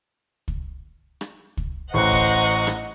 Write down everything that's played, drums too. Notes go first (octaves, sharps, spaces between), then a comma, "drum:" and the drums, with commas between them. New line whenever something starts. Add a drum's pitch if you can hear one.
drum: kick
drum: rim click
drum: kick
A1 C5 D#5 F#5 A#5 C#6 F#6
drum: kick
drum: rim click